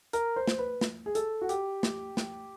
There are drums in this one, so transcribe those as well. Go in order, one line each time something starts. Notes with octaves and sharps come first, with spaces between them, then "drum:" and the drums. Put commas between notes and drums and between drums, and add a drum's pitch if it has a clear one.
A#4, drum: hi-hat
C5
drum: snare
B4
drum: snare
G#4
A4, drum: hi-hat
F#4
G4, drum: hi-hat
drum: snare
drum: snare